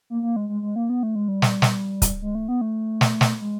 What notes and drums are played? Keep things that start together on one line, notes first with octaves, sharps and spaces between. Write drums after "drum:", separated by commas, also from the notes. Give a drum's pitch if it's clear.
A#3
A#3
G#3
G#3
G#3
A#3
B3
A3
G#3
G3
drum: snare
drum: snare
drum: kick, hi-hat
G#3
A3
B3
A3
drum: snare
drum: snare
G#3